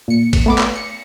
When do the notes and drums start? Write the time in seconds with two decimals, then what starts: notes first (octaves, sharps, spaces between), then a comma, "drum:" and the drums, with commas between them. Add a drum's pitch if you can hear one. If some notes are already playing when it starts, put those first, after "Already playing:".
0.08 A#2 C#7
0.33 drum: kick, cymbal
0.46 A3 B3 D6
0.58 drum: clap
0.76 C#7